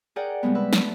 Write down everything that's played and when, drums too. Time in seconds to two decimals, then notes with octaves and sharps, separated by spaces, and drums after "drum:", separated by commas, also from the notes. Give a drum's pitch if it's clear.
0.16 G#4 A#4 D5 F#5 G5
0.43 C3 G3 G#3 B3
0.55 B4 E5
0.73 A3 B3, drum: snare